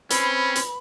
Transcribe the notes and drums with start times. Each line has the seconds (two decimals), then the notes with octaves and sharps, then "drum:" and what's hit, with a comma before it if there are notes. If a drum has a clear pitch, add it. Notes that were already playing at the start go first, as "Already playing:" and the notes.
0.10 C4 C#4 B4 B5, drum: hi-hat
0.55 drum: hi-hat